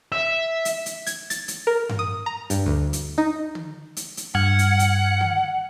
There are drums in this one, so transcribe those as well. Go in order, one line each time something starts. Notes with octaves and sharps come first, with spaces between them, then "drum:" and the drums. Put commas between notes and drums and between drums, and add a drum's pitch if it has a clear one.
E5
drum: hi-hat
drum: hi-hat
G#6, drum: hi-hat
A6, drum: hi-hat
drum: hi-hat
A#4
drum: tom G2
D#6
A#5
G2, drum: hi-hat
D2
drum: hi-hat
D#4
drum: tom
drum: hi-hat
drum: hi-hat
G2 F#5 F6 G#6
drum: hi-hat
drum: hi-hat
drum: tom